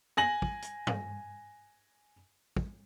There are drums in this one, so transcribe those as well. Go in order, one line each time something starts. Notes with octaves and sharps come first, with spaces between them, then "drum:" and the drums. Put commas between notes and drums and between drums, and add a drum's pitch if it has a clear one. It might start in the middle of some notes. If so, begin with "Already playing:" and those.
G#5 A#6 F#7
drum: kick
drum: hi-hat
drum: tom
drum: kick